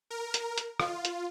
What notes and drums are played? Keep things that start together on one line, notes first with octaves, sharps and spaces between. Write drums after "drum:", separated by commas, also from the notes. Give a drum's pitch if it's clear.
A#4
drum: hi-hat
drum: hi-hat
F4, drum: rim click
drum: hi-hat